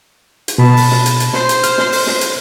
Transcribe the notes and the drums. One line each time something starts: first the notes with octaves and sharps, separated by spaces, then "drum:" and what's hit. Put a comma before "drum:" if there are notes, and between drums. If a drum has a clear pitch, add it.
drum: hi-hat
B2 A5 B5
drum: open hi-hat
drum: snare
drum: hi-hat
drum: hi-hat
C5, drum: snare
drum: hi-hat
F6, drum: hi-hat
drum: snare
drum: open hi-hat
drum: snare
drum: hi-hat